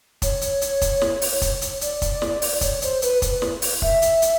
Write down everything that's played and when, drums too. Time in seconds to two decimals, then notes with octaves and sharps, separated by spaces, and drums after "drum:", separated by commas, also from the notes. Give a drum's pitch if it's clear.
0.22 C#5, drum: kick, hi-hat
0.41 drum: hi-hat
0.61 drum: hi-hat
0.82 drum: kick, hi-hat
1.02 drum: snare
1.22 drum: open hi-hat
1.42 drum: kick, hi-hat
1.62 drum: hi-hat
1.81 D5, drum: hi-hat
2.02 drum: kick, hi-hat
2.22 drum: snare
2.42 drum: open hi-hat
2.61 C#5, drum: kick, hi-hat
2.82 C5, drum: hi-hat
3.02 B4, drum: hi-hat
3.22 B4, drum: kick, hi-hat
3.42 drum: snare
3.62 drum: open hi-hat
3.82 E5, drum: kick
4.02 drum: hi-hat
4.22 drum: hi-hat